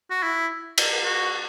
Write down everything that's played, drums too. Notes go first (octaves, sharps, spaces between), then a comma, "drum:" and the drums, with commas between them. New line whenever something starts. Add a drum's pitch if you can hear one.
F#4
E4
drum: cymbal
F#4